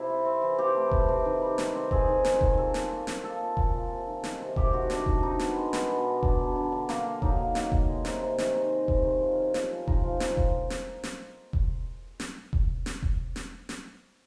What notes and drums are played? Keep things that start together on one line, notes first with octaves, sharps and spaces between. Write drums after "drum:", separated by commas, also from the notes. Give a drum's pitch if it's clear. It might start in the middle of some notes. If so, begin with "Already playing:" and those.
Already playing: C3 E4
C4
C4
E3
C4 G4
A3
C4, drum: kick E1
C3
D#3
G3
D#3, drum: snare
C4
C4 G#4, drum: kick E1
D#3
D#3, drum: snare
D#3, drum: kick E1
A#2 A4
A#2, drum: snare
A#3
A#3, drum: snare
A#3 A4
A#2
A#2, drum: kick E1
A#2
C3
D#3
D#3, drum: snare
C3
C3 G4, drum: kick E1
D#3 F#4
C3 D4, drum: snare
D#3, drum: kick E1
D4 D#4
B3, drum: snare
G#3
B3, drum: snare
B2
D4
D4, drum: kick E1
B2
D3
D3
A#3, drum: snare
A#3
F#3 D#4, drum: kick E1
A#3
A#3, drum: snare
A#3, drum: kick E1
G#3
C3, drum: snare
C3
D#3, drum: snare
C3 D#4
C3
C3, drum: kick E1
D#3
F3
C#4
F3, drum: snare
F3
F3 D#4, drum: kick E1
F3
A#3, drum: snare
drum: kick E1
drum: snare
drum: snare
drum: kick E1
drum: snare
drum: kick E1
drum: snare
drum: kick E1
drum: snare
drum: snare